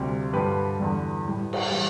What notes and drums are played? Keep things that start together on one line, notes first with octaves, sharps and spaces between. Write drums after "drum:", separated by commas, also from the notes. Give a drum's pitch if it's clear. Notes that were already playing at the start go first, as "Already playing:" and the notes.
Already playing: D2 C3 G3 F4
G2 D3 F3 G4 B4
E2 D3 G3
A2 G3
drum: cymbal
E3 G3